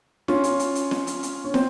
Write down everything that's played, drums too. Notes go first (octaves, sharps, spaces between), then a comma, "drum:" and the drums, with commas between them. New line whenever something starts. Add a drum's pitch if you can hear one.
C#4 F4, drum: snare
drum: hi-hat
drum: hi-hat
drum: hi-hat
drum: snare
drum: hi-hat
drum: hi-hat
C#4
C4, drum: snare